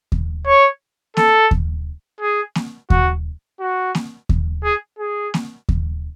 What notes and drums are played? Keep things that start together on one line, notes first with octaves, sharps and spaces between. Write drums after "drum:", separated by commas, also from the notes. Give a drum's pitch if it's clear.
drum: kick D#2
C#5
A4, drum: snare A#3
drum: kick D#2
G#4
drum: snare A#3
F#4, drum: kick D#2
F#4
drum: snare A#3
drum: kick D#2
G#4
G#4
drum: snare A#3
drum: kick D#2